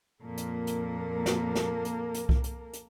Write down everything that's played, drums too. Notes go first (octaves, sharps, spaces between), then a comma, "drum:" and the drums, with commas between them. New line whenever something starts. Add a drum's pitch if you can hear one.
F2 A#2 A#3 A4 A#4
drum: hi-hat
drum: hi-hat
drum: snare
drum: snare
drum: hi-hat
drum: hi-hat
drum: kick C2
drum: hi-hat
drum: hi-hat